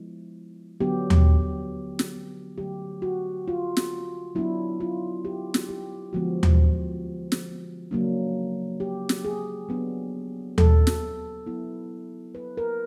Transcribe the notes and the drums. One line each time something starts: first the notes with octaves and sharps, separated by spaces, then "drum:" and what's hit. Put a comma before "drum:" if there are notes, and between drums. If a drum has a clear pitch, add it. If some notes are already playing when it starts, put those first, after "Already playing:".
Already playing: F3 G#3 B3 E4
D3 F#3 B3 D4 G4
drum: tom D#2
drum: snare
D3 F#3 A3 G4
F#4
F4
drum: snare
F#3 B3 D4 E4
F4
G4
drum: snare
G4
D3 F3 G#3 B3 F#4
drum: tom D#2
drum: snare
C#3 F#3 A#3 D4
G4
drum: snare
G#4
F#3 B3 D4
A4, drum: tom D#2
drum: snare
F#3 B3 E4
B4
A#4